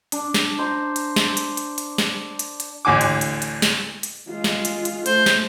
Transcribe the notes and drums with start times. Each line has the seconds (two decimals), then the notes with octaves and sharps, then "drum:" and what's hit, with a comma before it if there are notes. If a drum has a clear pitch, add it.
0.12 D4, drum: hi-hat
0.34 drum: snare
0.59 C5 A#5
0.96 drum: hi-hat
1.16 drum: snare
1.37 drum: hi-hat
1.57 drum: hi-hat
1.78 drum: hi-hat
1.98 drum: snare
2.39 drum: hi-hat
2.60 drum: hi-hat
2.85 A1 D2 D3 G#5 D6
3.01 drum: hi-hat
3.21 drum: hi-hat
3.42 drum: hi-hat
3.62 drum: snare
4.03 drum: hi-hat
4.29 G#3 F4
4.44 drum: snare
4.65 drum: hi-hat
4.85 drum: hi-hat
5.06 A3 C5, drum: hi-hat
5.26 drum: snare